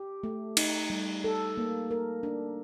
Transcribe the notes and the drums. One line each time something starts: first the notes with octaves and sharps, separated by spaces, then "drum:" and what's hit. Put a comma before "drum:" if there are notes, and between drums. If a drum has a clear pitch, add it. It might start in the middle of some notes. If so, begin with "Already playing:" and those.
Already playing: G4
A3
D#4, drum: cymbal
G3
A4
A#3
A#4
D4